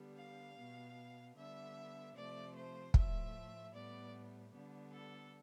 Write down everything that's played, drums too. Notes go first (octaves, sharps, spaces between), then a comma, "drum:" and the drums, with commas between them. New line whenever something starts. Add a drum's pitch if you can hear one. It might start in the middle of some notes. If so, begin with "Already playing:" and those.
Already playing: D3 G3 B3
F5
B2 B3
D3 G3 B3 E5
C3 F3 A3 D5
C5
A2 F3 A3 E5, drum: kick
A2 G3 B3 D5
D3 G3 B3
A4